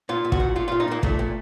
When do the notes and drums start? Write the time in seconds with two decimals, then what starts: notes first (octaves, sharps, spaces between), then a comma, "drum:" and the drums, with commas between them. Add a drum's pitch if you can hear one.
0.09 A#2 F4
0.25 A#2
0.32 F#4, drum: kick
0.40 A#2
0.56 A#2 F4
0.68 A#2 F4
0.80 D#4
0.88 A#2 A#3
1.03 A#2 A3, drum: kick
1.19 A#2